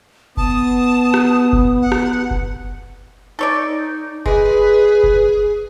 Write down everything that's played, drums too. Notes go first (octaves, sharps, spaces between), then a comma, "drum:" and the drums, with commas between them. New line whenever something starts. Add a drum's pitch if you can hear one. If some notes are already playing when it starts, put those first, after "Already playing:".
B3 A5 D#6, drum: kick F#1
drum: rim click
drum: kick F#1
F#5
drum: rim click
drum: kick F#1
D#4 A4 C#5 D5
G#3 G#4 B4, drum: kick F#1
drum: kick F#1